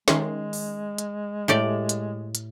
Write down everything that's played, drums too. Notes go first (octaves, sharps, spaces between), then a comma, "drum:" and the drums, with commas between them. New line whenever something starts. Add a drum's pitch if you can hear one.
D#3 G#3 C#4 C6, drum: snare
drum: open hi-hat
drum: hi-hat
A2 G4 D5
drum: hi-hat
drum: hi-hat